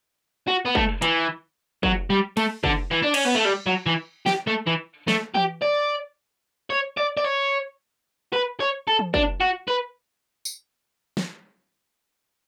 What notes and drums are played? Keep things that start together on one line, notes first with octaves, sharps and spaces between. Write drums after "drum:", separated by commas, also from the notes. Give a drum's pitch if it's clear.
F#4
B3
A3, drum: kick
E3, drum: hi-hat
F#3, drum: kick
G3
A3, drum: cymbal
D3, drum: kick
E3
D4
C#4, drum: cymbal
B3
A3
G3
F#3
E3
G4, drum: snare
A3
E3
A3, drum: snare
G4, drum: tom E3
D5
C#5
D5
D5
C#5
B4
C#5
A4
drum: tom E3
D4, drum: kick
F#4
B4
drum: tambourine
drum: snare